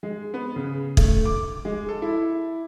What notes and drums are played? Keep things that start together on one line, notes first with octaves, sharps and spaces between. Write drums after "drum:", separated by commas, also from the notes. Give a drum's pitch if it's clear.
G#3
B3
C#3
A3, drum: kick
D6
G#3
A4
E4